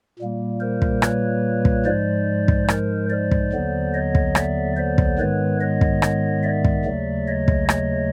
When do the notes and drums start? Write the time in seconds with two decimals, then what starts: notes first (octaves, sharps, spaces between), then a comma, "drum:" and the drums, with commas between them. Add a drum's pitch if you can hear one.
0.19 A#2 G3 A#3
0.61 A#4 C5
0.82 drum: kick
1.02 B4 C#5, drum: rim click
1.65 drum: kick
1.86 G#2 F3 G#3 C5 D5
2.48 drum: kick
2.68 A#4 C5, drum: rim click
3.10 C5 D5
3.31 drum: kick
3.52 D#2 D3 F#3 B3
3.94 C#5 D#5
4.15 drum: kick
4.35 D5 E5, drum: rim click
4.77 C5 D5
4.98 drum: kick
5.19 G#2 D#3 G#3 B3 B4 C#5
5.60 C#5 D#5
5.81 drum: kick
6.02 drum: rim click
6.43 D5 E5
6.65 drum: kick
6.85 D#2 C#3 F#3 A3
7.27 C#5 D#5
7.48 drum: kick
7.69 C#5 D#5, drum: rim click